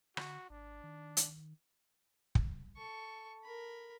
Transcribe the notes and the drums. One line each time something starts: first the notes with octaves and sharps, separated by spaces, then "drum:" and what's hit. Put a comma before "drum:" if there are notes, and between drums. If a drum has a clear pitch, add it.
D3 F#4, drum: rim click
G#1 D4
D#3
drum: hi-hat
drum: kick
A4 C#6
A#4 B5